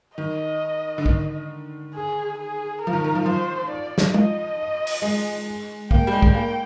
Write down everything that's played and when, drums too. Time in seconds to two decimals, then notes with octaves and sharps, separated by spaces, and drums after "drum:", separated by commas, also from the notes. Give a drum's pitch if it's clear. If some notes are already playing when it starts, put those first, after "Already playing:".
0.18 D#3 D#5
0.98 D3
1.06 D#3, drum: kick
1.94 G#4
2.38 G#4
2.82 F3 A#4
2.93 D#3
3.04 D#3
3.15 F3
3.26 F3 C5
3.70 D5
3.98 drum: snare
4.14 F3 D#5, drum: tom
4.87 drum: open hi-hat
5.02 G#3
5.91 A#3 G5, drum: kick
6.07 G3
6.13 G#3
6.22 drum: kick
6.34 A#3 G5